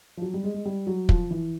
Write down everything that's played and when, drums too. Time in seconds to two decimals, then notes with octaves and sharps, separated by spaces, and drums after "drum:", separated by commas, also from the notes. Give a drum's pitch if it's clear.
0.17 F3
0.22 F#3
0.34 G3
0.44 G#3
0.54 G#3
0.65 G3
0.87 F#3
1.09 F3, drum: kick
1.31 E3